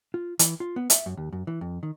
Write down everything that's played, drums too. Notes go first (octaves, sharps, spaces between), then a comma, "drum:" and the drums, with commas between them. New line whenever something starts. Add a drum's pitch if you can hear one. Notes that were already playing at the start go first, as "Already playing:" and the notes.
F4
E3, drum: hi-hat
F4
B3
E5, drum: hi-hat
F#2
D#2
F#2
E3
F2
D#3